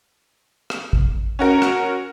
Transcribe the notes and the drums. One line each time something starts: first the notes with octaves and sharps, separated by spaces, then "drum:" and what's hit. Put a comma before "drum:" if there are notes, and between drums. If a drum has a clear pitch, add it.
drum: rim click
drum: kick
C#4 F#4 A#4
drum: rim click